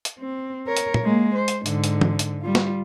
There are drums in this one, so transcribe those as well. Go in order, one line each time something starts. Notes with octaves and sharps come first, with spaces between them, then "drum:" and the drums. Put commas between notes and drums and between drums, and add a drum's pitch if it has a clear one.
drum: hi-hat
C4
A#4 C#5
drum: hi-hat
drum: tom
G#3 A#3
C5
drum: hi-hat
G#2 D3, drum: hi-hat
drum: hi-hat
drum: tom
drum: hi-hat
G3 F4
drum: snare